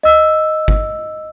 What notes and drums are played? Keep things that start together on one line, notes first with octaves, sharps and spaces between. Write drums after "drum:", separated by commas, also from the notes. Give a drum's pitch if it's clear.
D#5 E6
drum: kick G1